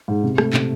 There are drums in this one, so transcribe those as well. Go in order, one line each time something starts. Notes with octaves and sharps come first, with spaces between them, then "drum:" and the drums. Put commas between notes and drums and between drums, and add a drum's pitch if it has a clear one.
G#2
C3
A3, drum: rim click
C3, drum: clap